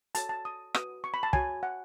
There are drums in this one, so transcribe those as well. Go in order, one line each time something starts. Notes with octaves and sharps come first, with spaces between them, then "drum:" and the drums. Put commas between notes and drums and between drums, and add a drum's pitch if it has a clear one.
F#4 A4 C#5 A5, drum: hi-hat
A5
D#6
F#4 B4 D#6, drum: rim click
C#6
B5
A5
F#4 C#5 G#5, drum: kick
F#5